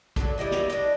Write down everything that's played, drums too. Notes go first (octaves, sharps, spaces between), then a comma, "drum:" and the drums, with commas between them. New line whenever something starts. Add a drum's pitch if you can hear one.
D3 F#3, drum: kick, hi-hat
G3 E4 D#5 E5
drum: snare
D4 D#5, drum: hi-hat